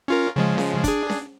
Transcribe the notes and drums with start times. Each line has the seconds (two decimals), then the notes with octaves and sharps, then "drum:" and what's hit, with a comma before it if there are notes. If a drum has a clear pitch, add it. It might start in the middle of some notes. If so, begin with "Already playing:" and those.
0.08 C#4 F4 A#4
0.36 C#3 F3 G#3
0.58 drum: snare C#4
0.84 D4 G#4, drum: kick, hi-hat
1.10 drum: snare C#4